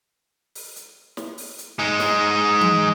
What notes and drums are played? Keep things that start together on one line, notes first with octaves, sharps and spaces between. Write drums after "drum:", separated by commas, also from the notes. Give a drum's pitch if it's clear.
drum: open hi-hat
drum: hi-hat
drum: snare
drum: open hi-hat
drum: hi-hat
G#3 D#4
drum: snare
drum: tom E3